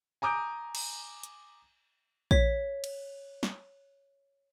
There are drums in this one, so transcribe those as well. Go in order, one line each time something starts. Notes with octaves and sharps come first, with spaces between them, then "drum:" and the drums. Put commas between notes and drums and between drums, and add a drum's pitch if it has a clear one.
G#5 A#5 D6 D#6 G6 D7
drum: cymbal
drum: hi-hat
C#5 B6, drum: kick A#1
drum: cymbal
drum: snare